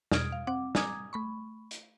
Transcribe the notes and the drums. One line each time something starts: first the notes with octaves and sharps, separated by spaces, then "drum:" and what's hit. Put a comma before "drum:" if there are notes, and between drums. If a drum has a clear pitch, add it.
E2 B2 D#6 F6 G#6 D7, drum: snare
F5
C4 F#5 D6
G#5 A#5 D6 D#6 G#6, drum: snare
A3 B5 C#6
drum: hi-hat